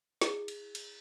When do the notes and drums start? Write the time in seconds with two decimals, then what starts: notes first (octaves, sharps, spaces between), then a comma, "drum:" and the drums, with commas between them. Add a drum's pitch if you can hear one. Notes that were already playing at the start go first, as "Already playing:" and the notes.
0.21 E4 G#4, drum: snare
0.48 drum: cymbal
0.75 drum: cymbal